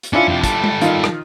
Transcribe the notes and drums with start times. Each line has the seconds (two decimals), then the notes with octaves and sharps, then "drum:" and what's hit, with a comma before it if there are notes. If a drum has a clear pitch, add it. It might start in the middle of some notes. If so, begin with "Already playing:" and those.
0.03 drum: hi-hat
0.13 C#4 D4 E4 F4
0.28 F2 G4
0.44 G3 A4, drum: kick, hi-hat
0.64 drum: tom
0.81 D#3 F4, drum: hi-hat
1.04 drum: rim click